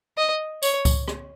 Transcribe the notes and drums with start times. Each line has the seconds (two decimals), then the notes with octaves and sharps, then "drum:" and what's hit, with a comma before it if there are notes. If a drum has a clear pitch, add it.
0.17 D#5
0.63 C#5, drum: tambourine
0.85 drum: kick C#2, tambourine
1.08 drum: rim click